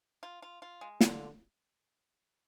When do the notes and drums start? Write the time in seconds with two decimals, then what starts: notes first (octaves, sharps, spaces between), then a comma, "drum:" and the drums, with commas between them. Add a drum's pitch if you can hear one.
0.23 F4
0.42 F4
0.62 F4
0.81 G#3
1.01 D3 F4, drum: snare